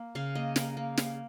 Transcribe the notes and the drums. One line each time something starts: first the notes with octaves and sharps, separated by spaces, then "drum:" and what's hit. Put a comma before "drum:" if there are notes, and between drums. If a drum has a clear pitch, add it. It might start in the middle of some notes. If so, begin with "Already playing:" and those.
Already playing: A#3
C#3 F5
A#3 D#5
A#3 A#4, drum: snare
A#3
A#3, drum: snare